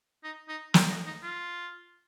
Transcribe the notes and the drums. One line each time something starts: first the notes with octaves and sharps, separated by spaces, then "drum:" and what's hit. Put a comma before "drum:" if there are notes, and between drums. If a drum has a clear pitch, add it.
D#4
D#4
F4, drum: snare
D#4
D#4
F4